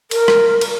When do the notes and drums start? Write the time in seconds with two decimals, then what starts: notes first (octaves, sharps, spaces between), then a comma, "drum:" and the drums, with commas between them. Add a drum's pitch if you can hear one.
0.11 A#4, drum: cymbal
0.28 drum: rim click
0.61 drum: cymbal